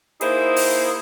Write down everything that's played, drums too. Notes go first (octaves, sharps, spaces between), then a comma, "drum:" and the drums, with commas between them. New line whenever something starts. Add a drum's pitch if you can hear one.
A#3 D#4 E4 G#4 C5, drum: hi-hat
drum: open hi-hat